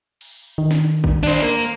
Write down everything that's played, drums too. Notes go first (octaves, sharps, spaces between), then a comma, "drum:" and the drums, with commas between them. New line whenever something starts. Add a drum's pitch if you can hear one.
drum: cymbal
D#3
drum: snare
drum: kick G#1
D4 C5
A#3 A#4